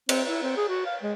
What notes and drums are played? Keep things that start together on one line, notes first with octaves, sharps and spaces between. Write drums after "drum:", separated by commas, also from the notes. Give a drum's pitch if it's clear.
C4, drum: cymbal
E4
C4
G#4
F#4
F5
G#3